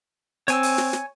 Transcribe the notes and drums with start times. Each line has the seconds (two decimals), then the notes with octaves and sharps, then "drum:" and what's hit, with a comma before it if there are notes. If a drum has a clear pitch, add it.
0.48 C4 C#5 G#5 E6, drum: hi-hat
0.63 drum: open hi-hat
0.78 drum: snare
0.93 drum: snare